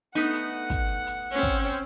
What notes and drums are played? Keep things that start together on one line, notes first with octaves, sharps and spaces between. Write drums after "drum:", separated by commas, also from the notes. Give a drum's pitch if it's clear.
A3 B3 D#4 F#5
drum: hi-hat
drum: kick, hi-hat
drum: hi-hat
C4 C#4
drum: kick, hi-hat